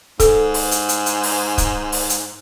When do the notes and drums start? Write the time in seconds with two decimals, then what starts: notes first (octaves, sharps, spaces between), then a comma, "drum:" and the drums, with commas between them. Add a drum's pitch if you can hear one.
0.20 G#2 A4, drum: kick C#1, hi-hat
0.54 drum: open hi-hat
0.71 drum: hi-hat
0.89 drum: hi-hat
1.06 drum: hi-hat
1.23 drum: open hi-hat
1.58 drum: kick C#1, hi-hat
1.92 drum: open hi-hat
2.10 drum: hi-hat